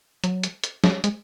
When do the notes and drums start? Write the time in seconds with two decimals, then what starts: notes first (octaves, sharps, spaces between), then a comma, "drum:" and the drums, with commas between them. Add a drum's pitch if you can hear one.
0.24 F#3, drum: hi-hat
0.43 drum: hi-hat
0.64 drum: hi-hat
0.84 drum: snare
1.04 G#3, drum: hi-hat